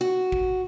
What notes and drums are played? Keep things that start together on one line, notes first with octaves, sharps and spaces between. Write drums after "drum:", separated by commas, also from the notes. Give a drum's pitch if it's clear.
F#4
drum: kick